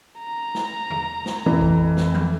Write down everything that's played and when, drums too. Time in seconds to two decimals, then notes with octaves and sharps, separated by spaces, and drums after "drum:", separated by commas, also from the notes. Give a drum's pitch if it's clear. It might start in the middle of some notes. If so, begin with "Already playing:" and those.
0.19 A#5
0.55 drum: snare
0.90 drum: tom
1.26 drum: snare
1.46 F2 E3
1.61 drum: kick A1
1.97 drum: snare
2.14 drum: tom F3